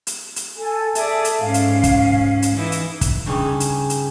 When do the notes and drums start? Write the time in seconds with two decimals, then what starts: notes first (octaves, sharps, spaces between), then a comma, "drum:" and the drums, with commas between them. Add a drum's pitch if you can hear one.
0.07 drum: hi-hat
0.36 drum: hi-hat
0.58 A4 G#5
0.95 G#4 A4 D5 E5, drum: hi-hat
1.25 drum: hi-hat
1.40 G#2 C#4 F5
1.54 drum: hi-hat
1.83 drum: kick, hi-hat
2.42 drum: hi-hat
2.55 E3 D#4 E4
2.72 drum: hi-hat
3.01 drum: kick, hi-hat
3.26 G2 C#3 C#4 D#4 G4 G#5
3.60 drum: hi-hat
3.90 drum: hi-hat